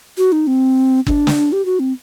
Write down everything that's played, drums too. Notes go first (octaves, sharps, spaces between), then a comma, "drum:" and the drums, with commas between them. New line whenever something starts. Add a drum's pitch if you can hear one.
F#4
D#4
C4
D4, drum: kick
drum: snare
G4
F#4
C4